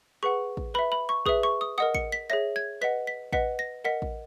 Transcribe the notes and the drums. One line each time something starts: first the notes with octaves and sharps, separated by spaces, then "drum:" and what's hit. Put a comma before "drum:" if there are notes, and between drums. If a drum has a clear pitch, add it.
G#4 B4 F#5 C#6
drum: kick A1
B4 E5 B5
B5
C#6
G#4 B4 E5 D#6, drum: kick A1
C#6
D#6
A#4 D#5 F#5 D#6
C#7, drum: kick A1
B6
G#4 C#5 E5 A#6
G#6
B4 D#5 F#5 B6
B6
B4 D#5 F#5 B6, drum: kick A1
A#6
A#4 D#5 F#5 B6
drum: kick A1